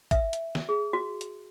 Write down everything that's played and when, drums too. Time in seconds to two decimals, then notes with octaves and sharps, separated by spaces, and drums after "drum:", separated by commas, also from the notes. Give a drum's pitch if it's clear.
0.11 E5, drum: kick, hi-hat
0.33 drum: hi-hat
0.55 drum: snare
0.69 G#4
0.93 F#4
1.21 drum: hi-hat